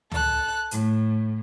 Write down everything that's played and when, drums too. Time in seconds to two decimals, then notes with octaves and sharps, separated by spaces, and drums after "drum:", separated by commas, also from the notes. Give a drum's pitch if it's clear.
0.12 A4 F#6, drum: tom C#2
0.71 A2, drum: hi-hat